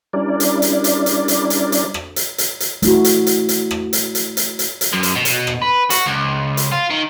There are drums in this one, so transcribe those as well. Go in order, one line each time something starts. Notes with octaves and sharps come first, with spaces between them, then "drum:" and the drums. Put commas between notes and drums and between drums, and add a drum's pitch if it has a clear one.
G3 C#4 D4 E4 A#4 D5
drum: hi-hat
drum: hi-hat
drum: hi-hat
drum: hi-hat
drum: hi-hat
drum: hi-hat
drum: hi-hat
drum: rim click
drum: hi-hat
drum: hi-hat
drum: hi-hat
A3 E4 F#4, drum: hi-hat
drum: hi-hat
drum: hi-hat
drum: hi-hat
drum: rim click
drum: hi-hat
drum: hi-hat
drum: hi-hat
drum: hi-hat
drum: hi-hat
F#2
drum: hi-hat
B2
drum: hi-hat
drum: rim click
B4
F#4, drum: hi-hat
C#2
drum: hi-hat
F4
D#3